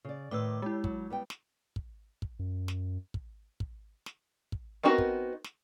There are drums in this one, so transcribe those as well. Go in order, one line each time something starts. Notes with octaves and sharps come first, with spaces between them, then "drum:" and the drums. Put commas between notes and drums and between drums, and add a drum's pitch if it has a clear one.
C#3 D5
A2 D#3 B4 D6 E6
G#3 E4 G4
F#3, drum: kick
G3 B3 G5
drum: snare
drum: kick
drum: kick
F#2
drum: snare
drum: kick
drum: kick
drum: snare
drum: kick
B3 C4 D#4 F#4 A#4
drum: kick
drum: snare